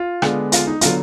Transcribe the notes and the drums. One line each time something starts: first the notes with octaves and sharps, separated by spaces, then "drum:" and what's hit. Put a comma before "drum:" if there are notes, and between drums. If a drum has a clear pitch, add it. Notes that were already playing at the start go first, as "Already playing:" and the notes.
Already playing: F4
D3 G#3 B3 D4, drum: rim click
F4, drum: hi-hat
D#4
D3 F#3 B3 F4, drum: hi-hat